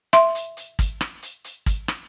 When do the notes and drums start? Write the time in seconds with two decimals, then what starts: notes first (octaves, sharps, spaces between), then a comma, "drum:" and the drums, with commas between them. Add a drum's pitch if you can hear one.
0.13 E5 C6, drum: rim click
0.35 drum: hi-hat
0.57 drum: hi-hat
0.79 drum: kick G#1, hi-hat
1.01 drum: rim click
1.23 drum: hi-hat
1.44 drum: hi-hat
1.66 drum: kick G#1, hi-hat
1.88 drum: rim click